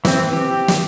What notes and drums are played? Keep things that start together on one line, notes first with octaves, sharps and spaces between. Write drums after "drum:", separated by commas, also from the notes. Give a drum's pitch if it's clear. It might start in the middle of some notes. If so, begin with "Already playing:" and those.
E3 C4, drum: snare
G4
drum: snare